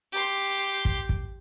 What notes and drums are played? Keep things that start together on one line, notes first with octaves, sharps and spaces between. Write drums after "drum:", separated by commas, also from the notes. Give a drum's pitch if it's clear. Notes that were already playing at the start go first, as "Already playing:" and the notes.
G4 C6
drum: kick
drum: kick